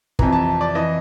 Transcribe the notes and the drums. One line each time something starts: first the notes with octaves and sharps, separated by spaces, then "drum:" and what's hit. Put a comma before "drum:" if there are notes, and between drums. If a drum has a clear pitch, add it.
F2 C3 E3 A#5, drum: kick
A5
D5
E3 D#5